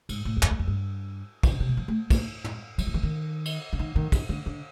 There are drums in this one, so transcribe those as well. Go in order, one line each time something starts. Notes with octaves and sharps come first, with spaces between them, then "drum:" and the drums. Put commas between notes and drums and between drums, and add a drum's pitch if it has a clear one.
G#2, drum: cymbal
A2
E2
F2, drum: clap
E2
F2
G2
C3, drum: kick, cymbal
C#3
C3
B2
F3
A3
A#3, drum: kick, cymbal
drum: tom
F#3, drum: cymbal
F3
E3
D#3
drum: cymbal
D3
D#3
D#3
D#3, drum: kick, cymbal
D3
D3